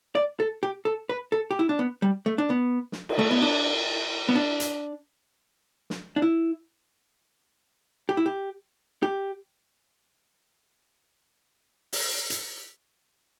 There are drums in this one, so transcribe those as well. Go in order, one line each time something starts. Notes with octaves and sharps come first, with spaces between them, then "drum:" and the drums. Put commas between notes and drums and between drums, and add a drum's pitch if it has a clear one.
D5
A4
G4
A4
B4
A4
G4
E4
D4
B3
G3
A3
D4
B3
drum: snare
drum: cymbal
A3
B3
D4
B3
D4
drum: hi-hat
drum: snare
D4
E4
G4
E4
G4
G4
drum: open hi-hat
drum: hi-hat